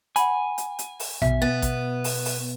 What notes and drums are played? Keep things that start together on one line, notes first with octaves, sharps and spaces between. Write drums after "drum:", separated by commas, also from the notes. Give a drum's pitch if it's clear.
F#5 G#5 B5, drum: hi-hat
drum: hi-hat
drum: hi-hat
drum: open hi-hat
B2 E5, drum: tom A#1
B3 A6
drum: kick A1, hi-hat
drum: open hi-hat
drum: open hi-hat